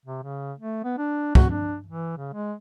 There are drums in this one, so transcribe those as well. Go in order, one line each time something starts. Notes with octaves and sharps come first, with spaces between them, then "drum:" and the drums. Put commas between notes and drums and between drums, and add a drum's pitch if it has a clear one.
C3
C#3
A3
B3
D4
F#4, drum: kick
D4
E3
C#3
G#3